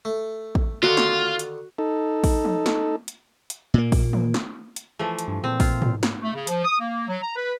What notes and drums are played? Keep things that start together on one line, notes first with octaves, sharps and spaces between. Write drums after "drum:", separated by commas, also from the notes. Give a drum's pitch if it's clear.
A3
drum: kick
D3 D#3 F4 F#4 F#5
drum: snare
drum: hi-hat
D#4 A4
drum: kick, open hi-hat
drum: tom E3
drum: snare
drum: hi-hat
drum: hi-hat
A#2 A#3
drum: kick, open hi-hat
drum: tom
drum: snare
drum: hi-hat
E3 F3 A3
drum: hi-hat
G2
A#2 C4
F4, drum: kick, open hi-hat
drum: tom
drum: snare
A3
C#3
F3, drum: hi-hat
D#6
A#3
F#3
A#5
B4